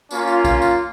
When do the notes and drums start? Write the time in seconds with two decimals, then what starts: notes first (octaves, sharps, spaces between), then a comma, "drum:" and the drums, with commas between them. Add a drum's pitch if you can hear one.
0.11 A#3 C#4 F4, drum: tambourine
0.27 drum: tambourine
0.45 drum: kick, tambourine
0.62 drum: tambourine